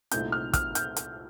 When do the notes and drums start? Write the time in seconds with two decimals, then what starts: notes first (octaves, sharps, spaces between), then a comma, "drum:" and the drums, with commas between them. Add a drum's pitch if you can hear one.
0.11 C2 A#2 A3 C4 D#4 G6, drum: hi-hat
0.32 F6
0.53 F6, drum: kick, hi-hat
0.75 G6, drum: hi-hat
0.96 drum: hi-hat